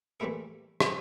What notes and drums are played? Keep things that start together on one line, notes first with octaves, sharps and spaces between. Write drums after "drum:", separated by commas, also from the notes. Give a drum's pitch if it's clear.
E3 G3 A3 A#3 E4 G#4
drum: rim click